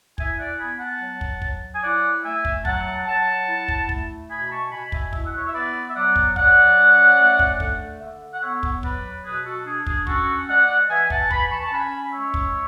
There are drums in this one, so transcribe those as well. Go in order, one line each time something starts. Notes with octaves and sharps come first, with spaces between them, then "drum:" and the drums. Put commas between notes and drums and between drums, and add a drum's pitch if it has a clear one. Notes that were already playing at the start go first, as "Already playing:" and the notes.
E4 E5 G#5, drum: kick
D5 F#5
B3 G#5 B5
F#5 A5
F#3
drum: kick
F#3, drum: kick
G#5
E4 D5 F#5
A3 E5 G#5
drum: kick
F#3 F#5 A5, drum: kick
F#3 F#5 A5
E4
drum: kick
A3, drum: kick
B2 G#5 B5
B5
A5 C#6
B2 G#5 B5
E5 G#5, drum: kick
E4 E5, drum: kick
F#5
C#5 E5
E5
B3 B4 D5
E5
F#3 D5 F#5
drum: kick
F#3 D5 F#5, drum: kick
C#4
A3
drum: kick
D3, drum: kick
D3
F#5
B3 C#5 E5
drum: kick
F#3 B4 D5, drum: kick
B2 G#4 B4
F#4 A4
D4 G#4
G#4, drum: kick
C#4 F#4 A4, drum: kick
G#3 D5 F#5
E3 E5 G#5
G#5
F#5 A5, drum: kick
E3 G#5 B5, drum: kick
A5 C#6
A5
C#4 G#5 B5
G#3 C#5 E5
drum: kick